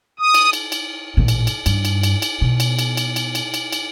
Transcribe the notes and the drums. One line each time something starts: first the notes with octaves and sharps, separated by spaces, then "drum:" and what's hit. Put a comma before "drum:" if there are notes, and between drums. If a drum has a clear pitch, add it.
D#6
drum: cymbal
drum: cymbal
drum: cymbal
A1 A#2
drum: cymbal
drum: cymbal
G2, drum: cymbal
drum: cymbal
drum: cymbal
drum: cymbal
B2
drum: cymbal
drum: cymbal
drum: cymbal
drum: cymbal
drum: cymbal
drum: cymbal
drum: cymbal